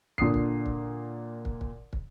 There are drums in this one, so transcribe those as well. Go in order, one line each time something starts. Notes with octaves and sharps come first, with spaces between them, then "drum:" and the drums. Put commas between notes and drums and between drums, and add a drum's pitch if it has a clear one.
A#2 D3 D#6 C7, drum: kick
drum: kick
drum: kick
drum: kick
drum: kick
drum: kick